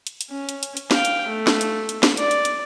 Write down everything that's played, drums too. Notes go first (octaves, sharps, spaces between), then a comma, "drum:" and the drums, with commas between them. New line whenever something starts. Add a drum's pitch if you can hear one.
drum: hi-hat
drum: hi-hat
C#4
drum: hi-hat
drum: hi-hat
drum: hi-hat
F5 G5, drum: snare
drum: hi-hat
A3
drum: snare
drum: hi-hat
drum: hi-hat
drum: snare
D5, drum: hi-hat
drum: hi-hat
drum: hi-hat